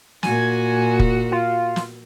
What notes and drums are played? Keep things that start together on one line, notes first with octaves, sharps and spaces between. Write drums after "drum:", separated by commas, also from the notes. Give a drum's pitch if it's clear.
A#2 F#4 G#5, drum: snare
drum: kick
F4
drum: snare